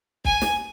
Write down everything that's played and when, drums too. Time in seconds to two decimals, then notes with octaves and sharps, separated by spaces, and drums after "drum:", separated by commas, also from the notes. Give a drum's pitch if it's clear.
0.25 G#5, drum: kick
0.42 drum: snare